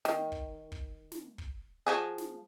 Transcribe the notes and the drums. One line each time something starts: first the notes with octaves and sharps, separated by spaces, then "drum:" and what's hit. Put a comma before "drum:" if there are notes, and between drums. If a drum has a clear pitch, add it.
D#3, drum: snare
drum: kick
drum: kick
drum: snare
drum: kick
F3 F#4 G#4
drum: snare